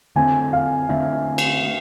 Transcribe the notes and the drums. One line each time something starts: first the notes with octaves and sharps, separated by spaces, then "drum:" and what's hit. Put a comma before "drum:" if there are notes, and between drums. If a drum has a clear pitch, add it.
D3 A3 C4 G#5
F5
D3 A3 C4 E5
drum: cymbal